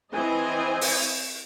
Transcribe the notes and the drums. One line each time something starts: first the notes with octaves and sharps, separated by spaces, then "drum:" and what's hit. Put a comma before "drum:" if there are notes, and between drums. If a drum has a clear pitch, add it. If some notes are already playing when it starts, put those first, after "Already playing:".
E3 C4 C5 D#5 G#5
drum: open hi-hat